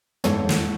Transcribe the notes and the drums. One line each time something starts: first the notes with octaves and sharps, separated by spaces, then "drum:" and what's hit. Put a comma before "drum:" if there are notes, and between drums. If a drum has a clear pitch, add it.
G#2 E3 A4 C#5, drum: tom
drum: snare